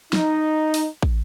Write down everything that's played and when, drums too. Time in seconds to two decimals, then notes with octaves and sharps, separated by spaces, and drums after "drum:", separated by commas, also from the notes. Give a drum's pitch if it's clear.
0.13 D#4, drum: snare
0.74 drum: open hi-hat
1.02 drum: kick